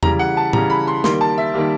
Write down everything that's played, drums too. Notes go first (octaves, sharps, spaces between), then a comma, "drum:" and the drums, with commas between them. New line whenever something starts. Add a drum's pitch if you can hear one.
C#3 E3 G3 A#5, drum: tom E2
F#5
A5
C#3 E3 G3 A#5, drum: tom A2
B5
C6
D#3 G3 A#3 C6, drum: snare
A5
E5
D#3 G3 A#3